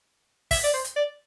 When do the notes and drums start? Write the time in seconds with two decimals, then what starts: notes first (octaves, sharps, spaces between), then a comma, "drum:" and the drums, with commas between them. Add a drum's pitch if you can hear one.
0.51 E5, drum: kick, open hi-hat
0.63 D5
0.73 C5
0.84 drum: hi-hat
0.96 D5